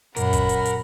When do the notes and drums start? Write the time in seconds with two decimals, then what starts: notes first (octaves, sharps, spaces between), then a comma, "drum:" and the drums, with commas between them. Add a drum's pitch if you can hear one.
0.16 F#2 A#2 A#4 F#5 B5, drum: hi-hat
0.33 drum: kick, hi-hat
0.49 drum: hi-hat
0.65 drum: hi-hat